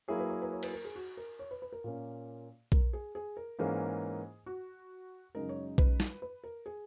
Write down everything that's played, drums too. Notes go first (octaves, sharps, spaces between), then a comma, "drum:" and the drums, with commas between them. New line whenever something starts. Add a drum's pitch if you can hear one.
F#3 A#3 E4 G#4 C#5
B4
C#5
B4
C#5
B4, drum: cymbal
A#4
G#4
F#4
A#4
C#5
B4
B4
A#4
A#2 A#3 C#4
A#4, drum: kick B1
G#4
G#4
A#4
G#2 E3 A#3 C#4 G#4
F#4
F#2 C#3 G#3 D#4 A#4
C#5
B4, drum: kick B1
drum: snare
B4
A#4
G#4